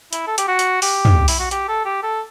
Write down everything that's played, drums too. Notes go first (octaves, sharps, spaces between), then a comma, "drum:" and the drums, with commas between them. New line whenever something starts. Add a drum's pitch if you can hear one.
E4, drum: hi-hat
A4
G4, drum: hi-hat
F#4
drum: hi-hat
G4, drum: open hi-hat
drum: tom
E4, drum: open hi-hat
F#4
G4, drum: hi-hat
A4
G4
A4